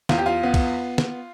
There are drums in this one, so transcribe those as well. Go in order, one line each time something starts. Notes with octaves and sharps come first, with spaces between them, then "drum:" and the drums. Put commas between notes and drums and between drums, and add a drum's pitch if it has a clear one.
E2 F4, drum: snare
G4
F4
B3
drum: kick, cymbal
drum: snare